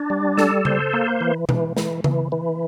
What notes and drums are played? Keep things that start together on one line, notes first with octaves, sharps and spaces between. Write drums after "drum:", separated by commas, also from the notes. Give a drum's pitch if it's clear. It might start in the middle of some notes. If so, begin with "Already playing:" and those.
Already playing: D4
G3
A4, drum: snare
C5, drum: tom C#3
A#3
E3
E3, drum: tom B2
E3, drum: snare
E3, drum: tom C#3
E3